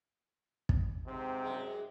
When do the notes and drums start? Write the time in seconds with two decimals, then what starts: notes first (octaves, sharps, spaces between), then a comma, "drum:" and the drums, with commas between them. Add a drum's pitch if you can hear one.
0.69 drum: kick
1.07 G#2 C3 C4
1.44 F#2 G#3